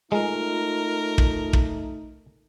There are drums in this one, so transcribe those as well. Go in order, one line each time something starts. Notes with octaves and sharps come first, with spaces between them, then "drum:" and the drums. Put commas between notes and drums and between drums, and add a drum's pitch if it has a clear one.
G#3 A3 D#4 F4 A#4
drum: kick
drum: kick